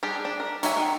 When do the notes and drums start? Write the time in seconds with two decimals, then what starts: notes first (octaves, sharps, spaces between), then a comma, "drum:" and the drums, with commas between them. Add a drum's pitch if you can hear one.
0.03 G3 D4 G4 G#4
0.25 D4
0.40 A#4
0.63 F#3 G3 F#4 E5 G#5, drum: hi-hat
0.77 D#3